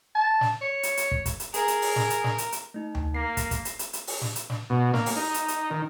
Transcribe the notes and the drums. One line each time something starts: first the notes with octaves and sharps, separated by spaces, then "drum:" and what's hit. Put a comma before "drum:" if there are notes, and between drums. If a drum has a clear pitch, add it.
A5
drum: snare
C#5
drum: hi-hat
drum: hi-hat
drum: kick
drum: kick, hi-hat
drum: hi-hat
G#4 A#4, drum: hi-hat
drum: hi-hat
drum: open hi-hat
drum: snare
drum: hi-hat
drum: snare
drum: hi-hat
drum: hi-hat
A3 D#4
drum: tom D2
A#3 A#6 C7
drum: kick, hi-hat
drum: kick, hi-hat
drum: hi-hat
drum: hi-hat
drum: hi-hat
drum: open hi-hat
drum: snare
drum: hi-hat
drum: snare
B2
A#3, drum: snare
drum: open hi-hat
D#4
drum: hi-hat
drum: hi-hat
D#3